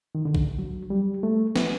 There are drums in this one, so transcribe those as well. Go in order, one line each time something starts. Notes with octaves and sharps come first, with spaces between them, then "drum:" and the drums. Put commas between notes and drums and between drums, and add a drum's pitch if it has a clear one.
D#3
D3
drum: kick A#1
F#3
G3
A3
B3, drum: snare